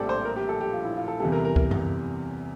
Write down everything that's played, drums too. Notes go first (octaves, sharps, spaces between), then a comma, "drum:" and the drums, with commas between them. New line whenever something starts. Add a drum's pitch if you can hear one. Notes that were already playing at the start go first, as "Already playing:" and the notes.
Already playing: A#1 A2 G3 C4 G4 A4 D5
C5
A#4
G4
A4
G4
F4
E4
F4
A4
E2 C3 E3 G3 A4
A#4
A#4
A#4, drum: kick
drum: tom F#2